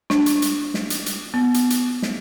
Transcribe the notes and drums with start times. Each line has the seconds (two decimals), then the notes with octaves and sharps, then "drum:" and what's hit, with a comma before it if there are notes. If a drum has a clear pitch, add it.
0.10 D4, drum: snare
0.26 drum: hi-hat
0.42 drum: hi-hat
0.74 drum: snare
0.90 drum: hi-hat
1.06 drum: hi-hat
1.34 B3
1.54 drum: hi-hat
1.70 drum: hi-hat
2.02 drum: snare